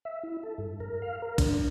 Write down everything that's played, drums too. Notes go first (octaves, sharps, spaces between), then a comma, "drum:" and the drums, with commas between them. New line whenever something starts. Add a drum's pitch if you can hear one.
E5
E4
A4
G2
A#4
F5
A#4
D4, drum: kick, cymbal